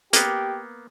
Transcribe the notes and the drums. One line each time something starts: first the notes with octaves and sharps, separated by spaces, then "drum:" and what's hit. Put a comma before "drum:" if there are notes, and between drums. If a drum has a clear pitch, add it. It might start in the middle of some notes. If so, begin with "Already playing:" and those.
A#3 B3 G4, drum: hi-hat